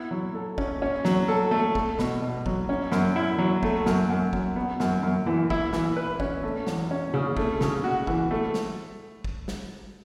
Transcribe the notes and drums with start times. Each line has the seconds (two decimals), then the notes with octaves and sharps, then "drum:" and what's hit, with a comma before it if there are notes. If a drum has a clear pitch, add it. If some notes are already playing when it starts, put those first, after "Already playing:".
Already playing: B3 E4
0.11 F#3
0.34 A4
0.58 C#4, drum: kick
0.82 C#4
1.05 F#3, drum: snare
1.28 A4
1.51 A3
1.75 A3, drum: kick
1.99 B2, drum: snare
2.22 B2
2.46 F#3, drum: kick
2.69 C#4
2.92 F#2, drum: snare
3.16 E4
3.38 F#3
3.63 A3, drum: kick
3.86 F#2, drum: snare
4.09 F#2
4.33 F#3, drum: kick
4.56 B3
4.80 F#2, drum: snare
5.03 F#2
5.26 E3
5.50 E4, drum: kick
5.73 E3, drum: snare
5.96 B4
6.20 C#4, drum: kick
6.43 A3
6.67 E2, drum: snare
6.91 C#4
7.14 C#3
7.37 A3, drum: kick
7.61 C#3, drum: snare
7.84 F#4
8.07 E3, drum: kick
8.31 A3
8.54 drum: snare
9.25 drum: kick
9.48 drum: snare